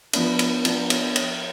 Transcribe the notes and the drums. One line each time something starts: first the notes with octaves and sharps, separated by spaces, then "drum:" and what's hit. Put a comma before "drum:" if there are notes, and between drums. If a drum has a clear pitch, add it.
F3 B3 D4, drum: cymbal
drum: cymbal
F3 B3 D4, drum: cymbal
drum: cymbal
drum: cymbal